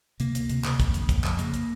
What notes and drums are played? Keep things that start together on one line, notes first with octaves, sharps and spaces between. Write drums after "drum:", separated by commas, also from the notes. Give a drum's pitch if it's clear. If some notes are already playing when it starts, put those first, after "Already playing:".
C3 A#3, drum: hi-hat
D2, drum: hi-hat
C3, drum: hi-hat
C3, drum: clap
F2, drum: kick, hi-hat
D3, drum: hi-hat
F2, drum: kick, hi-hat
F2, drum: clap
C#3 A#3, drum: hi-hat
drum: hi-hat